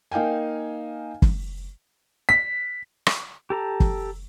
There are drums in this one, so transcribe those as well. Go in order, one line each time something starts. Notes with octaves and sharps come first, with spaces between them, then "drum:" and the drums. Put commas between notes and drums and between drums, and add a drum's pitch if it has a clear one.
A#3 D#4 F5 G5 G#5
drum: kick F#1
B6
drum: rim click
G4 A4 A#5
drum: kick F#1